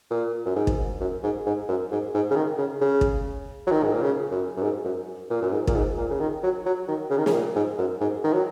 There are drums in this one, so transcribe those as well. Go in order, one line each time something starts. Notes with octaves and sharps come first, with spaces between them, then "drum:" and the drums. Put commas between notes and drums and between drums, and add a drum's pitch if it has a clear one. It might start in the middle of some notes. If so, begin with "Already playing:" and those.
A#2
F#2
G#2
drum: kick
F#2
G#2
G#2
F#2
G#2
G#2
C#3
D#3
C#3
C#3
drum: kick
F#3
D#3
G#2
A#2
C#3
F#2
F#2
G#2
F#2
A#2
F#2
G#2
A#2, drum: kick
G#2
A#2
C#3
D#3
F#3
F#3
D#3
C#3
D#3
C#3, drum: snare
A#2
G#2
F#2
G#2
D#3
F#3